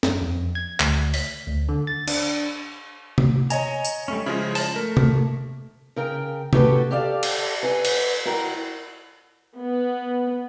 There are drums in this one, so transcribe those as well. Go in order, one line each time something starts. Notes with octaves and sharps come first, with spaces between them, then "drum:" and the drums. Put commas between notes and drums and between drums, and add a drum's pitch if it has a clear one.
F#2, drum: snare
F2
G#6
D2, drum: clap
B6, drum: open hi-hat
D2
D3
A6
D4, drum: cymbal
drum: tom C3
C#5 D#5 G#5 A#5, drum: tambourine
drum: tambourine
G3 A3 C#4
C#3 F3 G#3 E4 G#4
A5, drum: open hi-hat
A3 A#4
drum: tom C3
C#3 A#4 G5
A3 C#4 F#4 G4 A4 B4, drum: tom C3
G4 A4 D5 F5
drum: cymbal
B4 G#5
drum: cymbal
E4 F#4 A#4 G5
B3